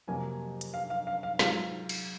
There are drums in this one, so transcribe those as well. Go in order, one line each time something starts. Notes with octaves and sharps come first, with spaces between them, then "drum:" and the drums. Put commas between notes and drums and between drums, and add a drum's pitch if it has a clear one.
F2 C3 F#3 A#3 G#5
drum: hi-hat
F5
F5
F5
F5
G#2 F#3 C4 F4 F5, drum: snare
drum: cymbal